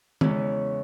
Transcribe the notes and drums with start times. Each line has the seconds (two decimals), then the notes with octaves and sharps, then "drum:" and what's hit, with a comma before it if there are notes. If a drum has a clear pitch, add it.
0.21 E2 C#3 G#3 C#4 E4, drum: tom D#3